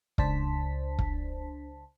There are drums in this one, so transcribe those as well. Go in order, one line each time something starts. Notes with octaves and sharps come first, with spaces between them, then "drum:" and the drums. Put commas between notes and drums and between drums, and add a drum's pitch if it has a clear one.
C#2 D4 C5 A5 B6, drum: kick
drum: kick